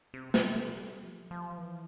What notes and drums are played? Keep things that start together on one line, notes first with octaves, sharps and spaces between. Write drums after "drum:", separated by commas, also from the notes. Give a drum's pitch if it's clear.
C3
C3, drum: snare
A3
G3
F3
F3
E3